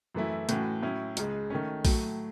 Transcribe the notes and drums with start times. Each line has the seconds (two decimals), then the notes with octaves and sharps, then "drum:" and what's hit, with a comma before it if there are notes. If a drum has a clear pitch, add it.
0.15 F#2 E3 A3 E4
0.49 A2 E3 A3 C#4 F#4, drum: hi-hat
0.82 A2 F#3 C#4 E4
1.17 C#2 C#3 G#3, drum: hi-hat
1.50 D#3 A3 C#4
1.85 A2 F#3 A3, drum: kick A#1, open hi-hat